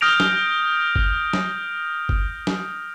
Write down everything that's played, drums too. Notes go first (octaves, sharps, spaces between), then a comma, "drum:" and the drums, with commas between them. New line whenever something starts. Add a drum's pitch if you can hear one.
D#6 F6 G6 A#6 D7 F7
drum: snare
drum: kick G1
drum: snare
drum: kick G1
drum: snare